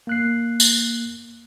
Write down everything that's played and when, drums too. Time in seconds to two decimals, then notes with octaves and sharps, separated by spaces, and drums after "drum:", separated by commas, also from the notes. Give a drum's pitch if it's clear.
0.07 A#3 F#6 C7
0.60 drum: tambourine